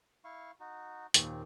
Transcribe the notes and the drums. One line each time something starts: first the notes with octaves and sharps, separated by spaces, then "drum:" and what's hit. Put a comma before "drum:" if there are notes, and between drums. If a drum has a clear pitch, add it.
E4 F5 C#6
D#4 F#4
D#2 A#2 C4, drum: hi-hat